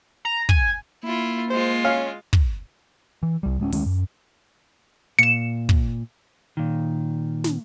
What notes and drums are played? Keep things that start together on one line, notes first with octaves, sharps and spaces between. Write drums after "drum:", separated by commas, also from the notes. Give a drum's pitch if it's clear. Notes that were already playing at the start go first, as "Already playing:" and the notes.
A#5
G#5, drum: kick
A#3 E4 F4
G#3 F4 C5
C#4 F5
drum: kick
E3
C2 G3
D1 G#3 C4 C#4
D2 D#3 G#3 C#4, drum: open hi-hat
F#2
A#2 C#7 E7
drum: kick
A#2 D#3
drum: snare